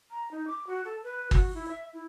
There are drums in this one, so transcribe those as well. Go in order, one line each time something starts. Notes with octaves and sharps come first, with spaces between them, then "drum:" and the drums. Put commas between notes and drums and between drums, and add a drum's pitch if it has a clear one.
A#5
D#4
D6
F#4
A4
B4
F#4, drum: kick G1
E4
E5
E4